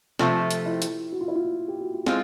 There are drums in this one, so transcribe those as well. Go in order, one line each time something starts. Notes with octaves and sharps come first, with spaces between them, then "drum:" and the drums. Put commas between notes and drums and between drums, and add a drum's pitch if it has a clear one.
C3 F3 A3 F4, drum: snare
drum: hi-hat
E4
drum: hi-hat
F#4
F4
E4
F4
G4
F#4
F4
G#3 C4 E4 F4, drum: snare